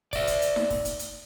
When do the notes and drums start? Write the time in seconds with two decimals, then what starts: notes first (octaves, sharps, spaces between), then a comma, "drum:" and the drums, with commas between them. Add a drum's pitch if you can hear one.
0.13 D5 E5, drum: kick, open hi-hat
0.27 drum: hi-hat
0.42 drum: hi-hat
0.56 drum: snare D#4
0.70 drum: kick, open hi-hat
0.85 drum: hi-hat
0.99 drum: hi-hat